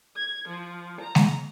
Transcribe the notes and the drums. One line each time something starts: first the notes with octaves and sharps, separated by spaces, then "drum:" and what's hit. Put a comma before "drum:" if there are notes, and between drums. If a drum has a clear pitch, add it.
G#6
F3
A#5
drum: snare G#3